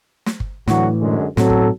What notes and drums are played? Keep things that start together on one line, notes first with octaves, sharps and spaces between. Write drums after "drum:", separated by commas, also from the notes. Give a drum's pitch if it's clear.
drum: snare
drum: kick G1
D2 A2 E3 F#3 F#4, drum: snare
F#2 D3 G#3
B1 A2 F#3 C4 A4, drum: snare
drum: kick G1